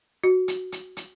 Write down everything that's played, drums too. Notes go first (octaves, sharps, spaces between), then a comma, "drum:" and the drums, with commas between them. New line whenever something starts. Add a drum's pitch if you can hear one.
F#4
drum: hi-hat
drum: hi-hat
drum: hi-hat